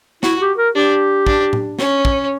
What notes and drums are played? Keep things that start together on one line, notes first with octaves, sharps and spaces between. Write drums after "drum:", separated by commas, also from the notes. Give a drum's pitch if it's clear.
E4 F#4, drum: snare
G4
A#4
D4 G4
D4, drum: kick
drum: tom A2
C#4, drum: snare
drum: kick